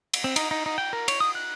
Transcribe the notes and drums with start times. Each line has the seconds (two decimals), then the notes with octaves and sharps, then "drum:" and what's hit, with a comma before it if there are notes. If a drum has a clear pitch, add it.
0.14 drum: cymbal
0.24 C4
0.36 D#4, drum: cymbal
0.51 D#4
0.66 D#4
0.78 G5
0.93 A#4
1.08 C#5, drum: cymbal
1.20 D#6
1.35 F#6